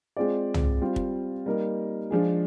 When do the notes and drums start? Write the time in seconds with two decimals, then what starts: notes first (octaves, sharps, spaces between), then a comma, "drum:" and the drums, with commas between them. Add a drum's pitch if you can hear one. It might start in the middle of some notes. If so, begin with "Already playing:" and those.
0.17 G#3 C4 F4 G#4 D5
0.54 drum: tom
0.81 G3 C4 F4
0.96 drum: kick
1.46 G3 A#3 D#4 A#4
2.11 F3 G#3 D4 F4 G#4